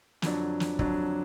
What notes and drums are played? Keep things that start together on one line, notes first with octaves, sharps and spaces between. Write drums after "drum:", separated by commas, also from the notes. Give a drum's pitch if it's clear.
F2 D3 F#3 D4, drum: snare
drum: snare
F2 D3 F#3 D4, drum: kick